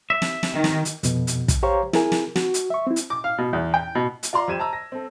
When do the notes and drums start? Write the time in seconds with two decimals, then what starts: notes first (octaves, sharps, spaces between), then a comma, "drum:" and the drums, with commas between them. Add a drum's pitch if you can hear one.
0.10 E5
0.22 drum: snare
0.43 drum: snare
0.54 D#3
0.64 drum: snare
0.85 drum: hi-hat
1.03 F2 B2, drum: hi-hat
1.27 drum: hi-hat
1.48 drum: kick, hi-hat
1.63 G4 C5 C#5 F5 A#5 C#6
1.93 E4 G#4 A#4 G#5, drum: snare
2.12 drum: snare
2.36 F#4, drum: snare
2.54 drum: hi-hat
2.70 E5 C#6
2.87 C4 E4
2.96 drum: hi-hat
3.10 D6
3.24 F5
3.38 B2
3.53 E2
3.74 G5
3.95 B2
4.23 drum: hi-hat
4.33 F4 D5 A#5 C6
4.48 F2 G4 G#6 D#7 E7
4.59 A5 A#5 E6
4.73 A#6
4.92 C4 A4